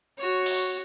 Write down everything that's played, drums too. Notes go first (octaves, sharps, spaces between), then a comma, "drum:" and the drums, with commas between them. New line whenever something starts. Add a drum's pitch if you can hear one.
F#4 C#5
drum: open hi-hat